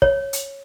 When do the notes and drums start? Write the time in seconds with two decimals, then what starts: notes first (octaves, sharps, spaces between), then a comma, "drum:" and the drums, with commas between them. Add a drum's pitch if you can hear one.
0.02 C#5, drum: kick
0.33 drum: hi-hat